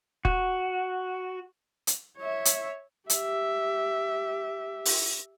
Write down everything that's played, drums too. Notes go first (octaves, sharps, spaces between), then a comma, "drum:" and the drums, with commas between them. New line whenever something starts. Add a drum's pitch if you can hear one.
F#4, drum: kick
drum: hi-hat
C#5 E5
drum: hi-hat
G4 E5, drum: hi-hat
drum: open hi-hat